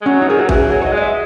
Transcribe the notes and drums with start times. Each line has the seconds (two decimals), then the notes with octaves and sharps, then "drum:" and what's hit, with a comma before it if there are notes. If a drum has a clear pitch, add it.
0.01 G#3
0.06 F#3 C#4
0.22 D#4
0.28 D#3 G#4
0.39 F#3 F#4
0.49 E3 G#4, drum: kick A1
0.70 F#3 G#4
0.82 C#5
0.86 D#5
0.92 G#3
0.97 D#5
1.03 E5